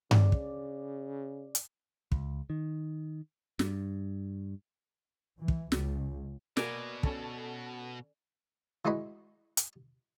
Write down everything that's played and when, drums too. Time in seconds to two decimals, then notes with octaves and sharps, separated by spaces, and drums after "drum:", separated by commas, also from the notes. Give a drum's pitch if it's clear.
0.11 C#3 D5, drum: tom G2
0.32 drum: kick
1.55 drum: hi-hat
2.12 C#2, drum: kick
2.50 D#3
3.59 G2, drum: snare
5.38 E3
5.48 drum: kick
5.72 C#2, drum: snare
6.57 B2 A#3 D5 G#5 A#5, drum: snare
7.03 C#4 A4, drum: kick
8.85 E3 G#3 F#4 D#5 B5
9.57 drum: hi-hat